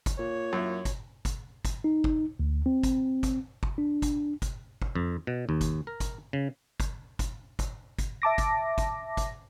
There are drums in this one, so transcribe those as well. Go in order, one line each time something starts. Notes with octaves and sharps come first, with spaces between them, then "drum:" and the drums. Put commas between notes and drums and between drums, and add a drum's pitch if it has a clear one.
drum: kick G1, hi-hat
A#2 C#5
F#2 E4
drum: kick G1, hi-hat
drum: kick G1, hi-hat
drum: kick G1, hi-hat
D#4
drum: kick G1
D2
C4
drum: kick G1, hi-hat
drum: kick G1, hi-hat
drum: kick G1
D4
drum: kick G1, hi-hat
drum: kick G1, hi-hat
drum: kick G1
F2
B2
D#2
drum: kick G1, hi-hat
A#4
drum: kick G1, hi-hat
C#3
drum: kick G1, hi-hat
drum: kick G1, hi-hat
drum: kick G1, hi-hat
drum: kick G1, hi-hat
E5 A5 D6 A#6
drum: kick G1, hi-hat
drum: kick G1, hi-hat
drum: kick G1, hi-hat